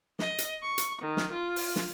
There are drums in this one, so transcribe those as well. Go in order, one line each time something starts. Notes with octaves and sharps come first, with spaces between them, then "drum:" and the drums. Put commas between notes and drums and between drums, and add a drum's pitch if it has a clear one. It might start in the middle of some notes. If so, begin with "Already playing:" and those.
D#5, drum: snare
drum: hi-hat
C#6
drum: hi-hat
D#3
drum: snare
F4
drum: open hi-hat
drum: snare